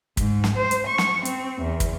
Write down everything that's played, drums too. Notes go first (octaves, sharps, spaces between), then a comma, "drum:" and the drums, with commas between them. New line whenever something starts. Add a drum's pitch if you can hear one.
G#2, drum: kick, hi-hat
drum: snare
C5
drum: hi-hat
C#6
drum: snare
C4, drum: hi-hat
E2
drum: kick, hi-hat